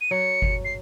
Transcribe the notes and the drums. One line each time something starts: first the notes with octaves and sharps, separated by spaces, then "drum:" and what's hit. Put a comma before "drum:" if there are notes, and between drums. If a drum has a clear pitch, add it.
D#7
F#3 C#7
drum: kick G1
C7